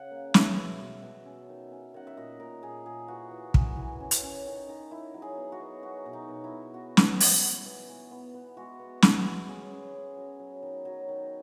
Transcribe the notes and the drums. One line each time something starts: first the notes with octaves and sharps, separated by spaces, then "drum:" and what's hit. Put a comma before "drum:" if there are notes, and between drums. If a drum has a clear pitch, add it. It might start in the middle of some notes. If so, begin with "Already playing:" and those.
Already playing: C#3 F#5
A#3
B2 E5, drum: snare
B2
B2
B2
C#4
D#3
C#4
D#3 F#5
E5
A#2 D#5
A#2 A#4
A#2 G#4
A#2 G#4
E3 F#4
E3
E3, drum: kick
E3
C#4
drum: hi-hat
C#4
D#3
D#3
D#3 E4
F#3
G#4
B3
F#4
B3
F#3 F#4
B2
D#4
B2
E4
B2
B3 F#4
B3, drum: snare
B3, drum: open hi-hat
B3
B3
E3
B3
B3
G#3 F#4
B3
B3, drum: snare
G#3
C#4 G#4
C#4
C#4
F#3
F#3
D#3
F#3
D#3